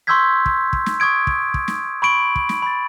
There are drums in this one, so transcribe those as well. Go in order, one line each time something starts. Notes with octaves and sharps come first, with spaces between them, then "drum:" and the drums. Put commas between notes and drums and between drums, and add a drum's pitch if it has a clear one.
C6 C#6 E6 G6 G#6 B6
drum: kick
drum: kick
drum: snare
C#6 D#6 G#6 D7
drum: kick
drum: kick
drum: snare
B5 C#6 D7 F#7
drum: kick
drum: snare
B5 A6